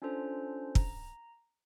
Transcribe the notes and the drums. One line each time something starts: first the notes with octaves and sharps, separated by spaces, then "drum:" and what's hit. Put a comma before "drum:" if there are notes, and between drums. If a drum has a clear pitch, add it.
C#4 D4 F4 A4 C5
A#5, drum: kick